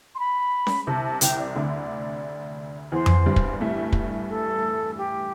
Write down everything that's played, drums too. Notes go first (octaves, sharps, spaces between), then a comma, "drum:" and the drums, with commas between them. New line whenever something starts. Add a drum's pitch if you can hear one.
C6
B5
drum: snare C#4
C2 C3 A5
A5
C2 C3 G5, drum: hi-hat
D5
D2 D3
E2 E3 C5
drum: tom F2
G2 G3
drum: kick
A2 A3
drum: kick
A4
G4